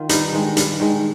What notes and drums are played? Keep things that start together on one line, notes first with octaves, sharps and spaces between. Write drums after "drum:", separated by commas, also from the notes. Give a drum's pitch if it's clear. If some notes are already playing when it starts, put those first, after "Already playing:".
Already playing: D#3 F4
G2 D#4, drum: hi-hat
D#3 G#3
G2, drum: hi-hat
D#3 G#3